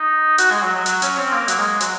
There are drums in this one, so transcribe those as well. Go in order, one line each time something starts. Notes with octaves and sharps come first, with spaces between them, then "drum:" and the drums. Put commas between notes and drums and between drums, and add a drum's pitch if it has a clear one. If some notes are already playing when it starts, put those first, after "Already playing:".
Already playing: D#4
F#4, drum: hi-hat
G#3
F#3
F#3
F#3, drum: hi-hat
C#4, drum: hi-hat
C4
A#3
F#3, drum: hi-hat
G#3
F#3, drum: hi-hat